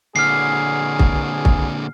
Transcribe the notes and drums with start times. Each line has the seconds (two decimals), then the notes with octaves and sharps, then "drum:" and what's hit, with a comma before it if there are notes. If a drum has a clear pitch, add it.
0.16 A#2 D3 E3 F#3 G#4 F6 C7
0.99 drum: kick
1.45 drum: kick